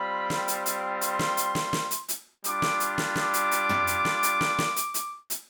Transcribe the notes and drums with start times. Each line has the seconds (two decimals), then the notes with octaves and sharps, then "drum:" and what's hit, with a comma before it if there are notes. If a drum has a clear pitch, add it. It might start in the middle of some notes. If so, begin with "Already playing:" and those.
Already playing: G3 C4 F4 B5
0.30 drum: snare
0.48 drum: hi-hat
0.66 drum: hi-hat
1.01 C6, drum: hi-hat
1.19 drum: snare
1.37 drum: hi-hat
1.55 drum: snare
1.73 drum: snare
1.91 drum: hi-hat
2.09 drum: hi-hat
2.44 G3 D4 F4 D6, drum: hi-hat
2.62 drum: snare
2.80 drum: hi-hat
2.98 drum: snare
3.15 D6, drum: snare
3.34 drum: hi-hat
3.51 drum: hi-hat
3.69 drum: tom
3.87 drum: hi-hat
4.05 drum: snare
4.23 drum: hi-hat
4.41 drum: snare
4.59 drum: snare
4.76 drum: hi-hat
4.94 drum: hi-hat
5.30 drum: hi-hat